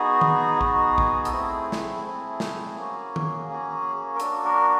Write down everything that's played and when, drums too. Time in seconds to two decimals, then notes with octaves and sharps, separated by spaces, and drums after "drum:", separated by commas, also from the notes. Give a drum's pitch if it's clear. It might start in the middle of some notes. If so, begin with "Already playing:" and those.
Already playing: B3 D#4 F#4 G#4
0.21 drum: tom D#3
0.61 B3 D#4 F#4, drum: kick A#1
0.98 drum: kick A#1
1.25 A4, drum: hi-hat
1.33 A3 C4 E4 G#4
1.72 drum: snare
2.04 A3 C4 E4
2.40 drum: snare
2.77 A#3 C#4 F#4
3.16 drum: tom D#3
3.49 A#3 C#4 F#4
4.16 A#4
4.20 A#3 D4 F#4 A4, drum: hi-hat
4.45 A#4